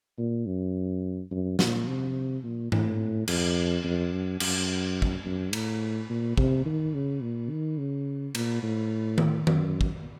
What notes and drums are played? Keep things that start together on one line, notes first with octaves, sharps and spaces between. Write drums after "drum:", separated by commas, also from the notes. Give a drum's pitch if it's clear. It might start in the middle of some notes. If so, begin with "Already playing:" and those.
A#2
F#2
F#2
A#2, drum: snare
C3
A#2
A2, drum: tom G#2
F2, drum: cymbal
F2
F#2
F#2, drum: cymbal
drum: kick
F#2
A2, drum: cymbal
A#2
C3, drum: kick
D#3
C#3
A#2
D#3
C#3
A#2, drum: cymbal
A2
drum: tom D#3
F#2, drum: tom D#3
drum: kick